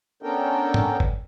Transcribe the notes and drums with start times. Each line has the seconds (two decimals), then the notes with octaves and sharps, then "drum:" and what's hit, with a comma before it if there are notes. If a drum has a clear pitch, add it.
0.22 B3 C#4 D4 A4 A#4 G5
0.74 drum: tom G#2
1.00 drum: kick G1